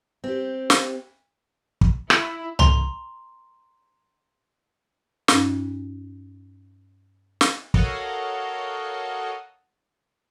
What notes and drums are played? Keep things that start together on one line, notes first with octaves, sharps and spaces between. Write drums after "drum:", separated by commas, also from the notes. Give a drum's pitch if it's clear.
C4 G4
drum: snare
drum: kick
E4, drum: rim click
A#5 C6, drum: tom C2
G2 C#4 D#4 D6, drum: snare
drum: snare
F#4 A4 A#4 C#5 D#5 F5, drum: kick